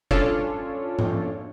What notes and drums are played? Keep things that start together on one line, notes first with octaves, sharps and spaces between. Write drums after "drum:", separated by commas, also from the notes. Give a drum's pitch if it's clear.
C#4 D4 F4 A4 C#5 D5, drum: kick
drum: tom G#2